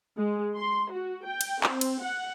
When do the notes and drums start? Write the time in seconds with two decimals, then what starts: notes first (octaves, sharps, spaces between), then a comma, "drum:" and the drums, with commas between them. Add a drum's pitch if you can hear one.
0.17 G#3
0.56 C6
0.91 F#4
1.25 G5
1.41 drum: cymbal
1.63 C4, drum: clap
1.81 drum: cymbal
2.02 F#5